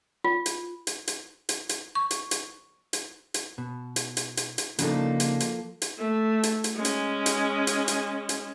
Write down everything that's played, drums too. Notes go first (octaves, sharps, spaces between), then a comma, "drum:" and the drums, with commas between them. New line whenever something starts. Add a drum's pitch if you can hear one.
F4
drum: hi-hat
drum: hi-hat
drum: hi-hat
drum: hi-hat
drum: hi-hat
C#6
drum: hi-hat
drum: hi-hat
drum: hi-hat
drum: hi-hat
B2
drum: hi-hat
drum: hi-hat
drum: hi-hat
drum: hi-hat
C#3 F3 A#3 D4 D#4 A4, drum: hi-hat
drum: hi-hat
drum: hi-hat
drum: hi-hat
A3
drum: hi-hat
drum: hi-hat
G#3 C#4
drum: hi-hat
drum: hi-hat
drum: hi-hat
drum: hi-hat
drum: hi-hat